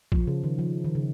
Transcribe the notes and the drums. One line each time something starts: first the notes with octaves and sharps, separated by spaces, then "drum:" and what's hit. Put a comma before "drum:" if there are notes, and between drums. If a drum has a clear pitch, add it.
F3, drum: kick
C#3
D#3
F3
D#3
C#3